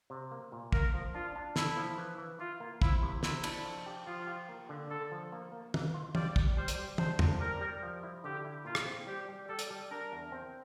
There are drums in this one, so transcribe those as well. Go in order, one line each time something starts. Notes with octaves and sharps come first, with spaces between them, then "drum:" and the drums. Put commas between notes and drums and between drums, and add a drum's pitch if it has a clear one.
C3
A#3
A#2
A#3 A#4, drum: kick
F3
D4 F4
D4
E4 A4, drum: snare
F3
E3
E3
E4 F4
A#3
F3 E4, drum: kick
C3
C3 E4, drum: snare
D4, drum: cymbal
F3
G4
F3 F4
G4
A#3
D3
D3 A4
F3
A#3
A#3
E3, drum: tom
F4
G3 D5, drum: tom
G3, drum: kick
G3 C5
drum: hi-hat
G3
D4 C5, drum: tom
C3, drum: tom
G3 A#4
G3
F3
E4
D3 G4
E4
A#2 F4
drum: rim click
C4
G3 G4
G3
G3 A4
drum: hi-hat
G3
D4 A#4
E2
C4